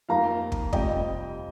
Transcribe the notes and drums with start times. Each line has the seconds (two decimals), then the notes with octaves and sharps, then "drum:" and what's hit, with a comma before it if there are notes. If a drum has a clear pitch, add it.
0.09 F2 F3 A#3 D#4 F5 A#5
0.52 drum: kick
0.73 F2 C3 G3 C4 D#5 G5, drum: kick